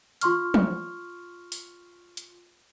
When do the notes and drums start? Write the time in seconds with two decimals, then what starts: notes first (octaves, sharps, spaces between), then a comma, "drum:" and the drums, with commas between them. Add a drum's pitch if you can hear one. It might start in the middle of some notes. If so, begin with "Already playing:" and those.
0.21 F4 C6 C#6 F6, drum: hi-hat
0.54 drum: tom
1.52 drum: open hi-hat
2.17 drum: hi-hat